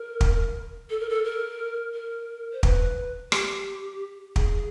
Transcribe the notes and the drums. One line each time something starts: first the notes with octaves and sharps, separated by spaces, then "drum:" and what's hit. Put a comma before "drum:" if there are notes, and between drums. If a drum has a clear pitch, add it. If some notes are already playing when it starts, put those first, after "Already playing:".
Already playing: A#4
drum: kick
A4
A#4
A4
A#4
A#4
C5
B4, drum: kick
G4, drum: rim click
G#4, drum: kick